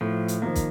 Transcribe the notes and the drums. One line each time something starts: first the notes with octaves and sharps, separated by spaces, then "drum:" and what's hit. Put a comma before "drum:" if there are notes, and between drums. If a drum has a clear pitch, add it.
A2 F3
drum: hi-hat
D#3 F3 A#3
drum: kick, hi-hat